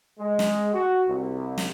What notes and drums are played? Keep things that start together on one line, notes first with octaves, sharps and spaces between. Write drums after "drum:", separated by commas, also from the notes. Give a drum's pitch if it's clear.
G#3
drum: snare
F#4
C2
drum: snare